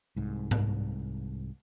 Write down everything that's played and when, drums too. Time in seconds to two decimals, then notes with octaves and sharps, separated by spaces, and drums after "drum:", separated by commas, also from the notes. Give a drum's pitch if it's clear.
0.16 C2 G#2
0.51 drum: tom G#2